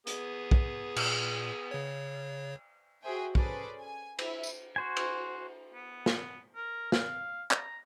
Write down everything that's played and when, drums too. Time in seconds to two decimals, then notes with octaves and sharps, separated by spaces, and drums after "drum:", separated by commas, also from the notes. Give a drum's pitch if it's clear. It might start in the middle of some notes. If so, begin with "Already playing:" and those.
0.07 B3 G#4, drum: hi-hat
0.51 drum: kick B1
0.96 A#2, drum: cymbal
1.71 C#3 C#5
3.03 F#4 G#4 C5 E5 G5 G#5
3.35 C#4 G#4 A4 B4 C5 D5, drum: kick B1
3.80 G#5
4.19 E4 E5, drum: cymbal
4.43 drum: tambourine
4.76 F#4 C5 G#5
4.97 drum: cymbal
5.74 B3
6.06 drum: snare
6.56 A#4
6.92 F5, drum: snare
7.51 A#5, drum: clap